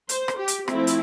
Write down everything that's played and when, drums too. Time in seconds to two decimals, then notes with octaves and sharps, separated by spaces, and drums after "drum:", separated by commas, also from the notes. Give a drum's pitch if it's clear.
0.09 C5, drum: hi-hat
0.28 drum: rim click
0.37 G4
0.48 drum: hi-hat
0.68 F3 A3 C4 E4, drum: rim click
0.87 drum: hi-hat